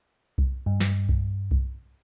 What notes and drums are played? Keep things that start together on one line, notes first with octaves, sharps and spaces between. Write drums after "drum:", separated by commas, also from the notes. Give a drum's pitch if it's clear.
drum: kick B1
G2
drum: snare
drum: kick B1
drum: kick B1